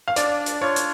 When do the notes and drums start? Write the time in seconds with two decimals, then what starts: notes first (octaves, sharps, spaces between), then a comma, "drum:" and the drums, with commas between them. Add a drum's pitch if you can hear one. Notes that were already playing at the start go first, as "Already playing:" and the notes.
0.08 F5
0.16 D4 D5, drum: hi-hat
0.46 drum: hi-hat
0.61 F4 C#5
0.76 drum: hi-hat